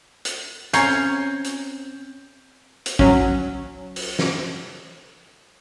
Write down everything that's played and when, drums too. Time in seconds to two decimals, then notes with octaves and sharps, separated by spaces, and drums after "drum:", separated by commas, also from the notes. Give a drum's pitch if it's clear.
0.25 drum: hi-hat
0.73 C4 C#4 C#5 G#5 A#5 G6 G#6 C7, drum: hi-hat
1.44 drum: hi-hat
2.86 drum: hi-hat
2.99 F#3 C#4, drum: kick
3.96 drum: open hi-hat
4.19 drum: snare